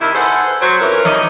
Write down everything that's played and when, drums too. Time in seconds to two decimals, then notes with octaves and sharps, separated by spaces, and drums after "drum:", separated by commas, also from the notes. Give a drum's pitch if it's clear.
0.01 C3 D#3 E4
0.15 G#4 A4 B4 C5 F#5, drum: open hi-hat
0.61 F#3 C5
0.80 F2 E3 C#4 A#4
1.05 C3 D#4 G4 C#5 D#5, drum: snare